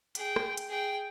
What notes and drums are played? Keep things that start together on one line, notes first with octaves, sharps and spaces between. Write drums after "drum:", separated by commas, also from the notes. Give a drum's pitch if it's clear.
G#4 G5, drum: hi-hat
drum: rim click
drum: hi-hat
G#4 G5